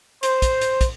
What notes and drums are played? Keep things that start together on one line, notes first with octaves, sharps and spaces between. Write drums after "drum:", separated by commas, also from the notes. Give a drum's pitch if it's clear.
C5, drum: hi-hat
drum: kick, hi-hat
drum: hi-hat
drum: kick, hi-hat